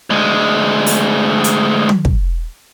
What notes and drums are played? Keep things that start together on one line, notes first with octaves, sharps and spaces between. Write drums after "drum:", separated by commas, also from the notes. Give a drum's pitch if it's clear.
D2 G#3
drum: open hi-hat
drum: hi-hat
drum: tom
drum: kick